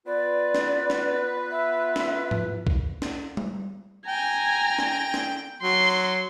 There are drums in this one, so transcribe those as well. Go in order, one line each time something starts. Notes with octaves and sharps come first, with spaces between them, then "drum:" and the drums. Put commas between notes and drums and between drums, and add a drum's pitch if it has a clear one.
B3 F4 B4 D5
drum: snare
drum: snare
E5
drum: snare
drum: tom G#2
drum: kick B1
drum: snare
drum: tom G3
G5 G#5 A#5
drum: snare
drum: snare
F#3 C6